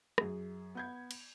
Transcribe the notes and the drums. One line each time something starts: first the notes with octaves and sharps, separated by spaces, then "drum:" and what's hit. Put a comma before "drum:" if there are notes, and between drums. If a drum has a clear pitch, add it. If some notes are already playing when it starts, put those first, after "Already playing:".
F#2 G#4, drum: rim click
B3 G6 G#6
drum: cymbal